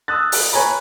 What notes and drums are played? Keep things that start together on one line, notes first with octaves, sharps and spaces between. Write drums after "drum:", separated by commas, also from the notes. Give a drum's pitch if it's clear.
D#6 E6 F#6 A6
drum: open hi-hat
B4 C#5 G#5 A#5 B5